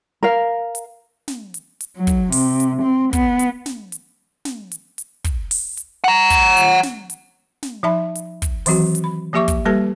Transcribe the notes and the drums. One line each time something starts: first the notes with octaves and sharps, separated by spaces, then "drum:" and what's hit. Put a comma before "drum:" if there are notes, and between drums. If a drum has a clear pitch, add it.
A#4 F5
drum: hi-hat
drum: snare
drum: hi-hat
drum: hi-hat
F#3
drum: kick, hi-hat
C3, drum: open hi-hat
drum: hi-hat
C4
B3, drum: kick, hi-hat
drum: hi-hat
drum: snare
drum: hi-hat
drum: snare
drum: hi-hat
drum: hi-hat
drum: kick, hi-hat
drum: open hi-hat
drum: hi-hat
F#5 A#5
drum: kick, hi-hat
drum: hi-hat
drum: snare
drum: hi-hat
drum: snare
F3 D#4 E5 A5 B5
drum: hi-hat
drum: kick, hi-hat
D#3 E3 F#3 C4 F#4, drum: open hi-hat
drum: hi-hat
B5
F3 A#3 G4 E5 C#6 D6
drum: kick, hi-hat
G3 A#3 G4 A4 B4 A5